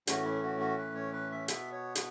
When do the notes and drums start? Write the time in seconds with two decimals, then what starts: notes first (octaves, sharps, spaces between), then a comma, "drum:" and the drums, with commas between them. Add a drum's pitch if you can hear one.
0.07 A2 E3 A3 C#4 F#4, drum: hi-hat
0.25 E4
0.43 F#4
0.60 F#4
0.78 B4
0.95 C#5
1.13 B4
1.31 E5
1.48 B2 B3 E5, drum: hi-hat
1.72 C#5
1.95 drum: hi-hat